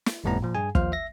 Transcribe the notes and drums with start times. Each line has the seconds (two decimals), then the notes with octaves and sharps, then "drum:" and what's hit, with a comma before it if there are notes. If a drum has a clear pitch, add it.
0.06 drum: snare
0.24 G1 F2 A2 G3 B3 A#5
0.42 A#2 F3
0.55 G2 G#4 G#5
0.75 D#2 F3 F4 C5 F5 F6, drum: kick
0.92 E5 A#6